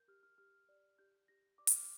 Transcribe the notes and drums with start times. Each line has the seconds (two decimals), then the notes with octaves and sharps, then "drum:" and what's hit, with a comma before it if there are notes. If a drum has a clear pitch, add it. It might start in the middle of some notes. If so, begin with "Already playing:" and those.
Already playing: A#4 G6
0.08 G4 F6
0.23 F6
0.38 G4 F6
0.69 D5
0.98 G4 G6
1.28 G4 A#6
1.58 D5 D6
1.67 F6, drum: hi-hat
1.77 D6